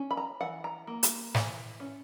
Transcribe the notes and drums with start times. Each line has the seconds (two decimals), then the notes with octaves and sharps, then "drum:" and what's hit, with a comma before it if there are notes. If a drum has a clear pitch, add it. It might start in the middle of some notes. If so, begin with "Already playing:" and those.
Already playing: C#4
0.11 B5
0.17 A#5
0.41 E3 F#5
0.64 A#5
0.87 A#3
1.03 drum: hi-hat
1.34 E3, drum: snare
1.80 C#4